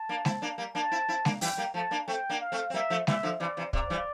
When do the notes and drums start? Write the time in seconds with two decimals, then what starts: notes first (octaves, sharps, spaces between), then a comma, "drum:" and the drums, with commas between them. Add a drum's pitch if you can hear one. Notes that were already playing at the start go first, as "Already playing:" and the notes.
Already playing: A5
0.09 A#3 D4
0.25 C4 E4, drum: snare G#3
0.42 A#3 D4
0.58 G3 A#3
0.75 A#3 D4 A5
0.91 C4 E4
1.08 C4 E4
1.25 A#3 D4, drum: snare G#3
1.41 E3 G3 G5, drum: open hi-hat
1.57 G3 A#3
1.74 F3 A3 A5
1.91 A#3 D4
2.07 A3 C4 G5
2.29 A#3 D4
2.41 F5
2.52 A3 C4
2.70 C4
2.74 G3 A#3 E5
2.90 F3 A3
3.07 E3 G3 E5, drum: snare G#3
3.23 D3 F3
3.40 C3 E3 D5
3.57 C3 E3
3.73 C3 D5, drum: kick
3.90 E3 G3